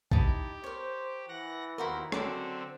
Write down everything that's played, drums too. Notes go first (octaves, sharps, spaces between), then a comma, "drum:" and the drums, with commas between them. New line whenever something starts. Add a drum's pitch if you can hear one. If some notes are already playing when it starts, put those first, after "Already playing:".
D#4 E4 G4 A5, drum: kick A#1
A#4 C5 C#5
E3 F#5 A#6
D#2 E4 F#4 A#4 C5
D3 F#3 C4 C#4 A4 D6, drum: rim click